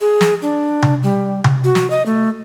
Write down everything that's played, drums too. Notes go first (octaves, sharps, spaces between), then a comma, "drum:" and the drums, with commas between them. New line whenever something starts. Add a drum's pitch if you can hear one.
G#4
drum: snare
D4
drum: tom C3
G3
drum: tom C3
F#4
drum: snare
D#5
A3